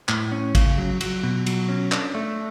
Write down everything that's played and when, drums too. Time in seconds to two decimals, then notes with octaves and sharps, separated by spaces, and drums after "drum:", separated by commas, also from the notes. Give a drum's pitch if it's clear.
0.09 A2, drum: clap
0.32 C#4
0.55 C#3, drum: kick, cymbal
0.78 F#3
1.01 F#3, drum: cymbal
1.23 B2
1.46 F#3, drum: cymbal
1.69 C#4
1.92 D4, drum: clap
2.15 A3